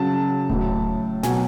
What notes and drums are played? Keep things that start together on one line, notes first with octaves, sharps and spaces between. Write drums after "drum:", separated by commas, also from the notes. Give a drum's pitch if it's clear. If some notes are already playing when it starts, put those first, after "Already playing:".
Already playing: C#3 F#3 A5
A2 F#3, drum: kick D#1
B2 F#3 G#5, drum: snare